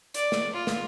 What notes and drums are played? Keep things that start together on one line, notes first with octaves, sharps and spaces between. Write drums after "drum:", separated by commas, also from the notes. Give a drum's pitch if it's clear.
D5, drum: hi-hat
drum: snare
F4
drum: snare